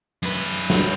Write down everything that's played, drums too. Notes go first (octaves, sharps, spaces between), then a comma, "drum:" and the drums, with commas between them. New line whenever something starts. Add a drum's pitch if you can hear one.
F#2 B4, drum: tambourine
drum: snare